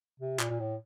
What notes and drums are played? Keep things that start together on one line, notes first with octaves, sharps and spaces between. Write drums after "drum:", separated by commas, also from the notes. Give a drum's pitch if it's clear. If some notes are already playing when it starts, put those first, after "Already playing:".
C3
A#2, drum: clap
A#2
A2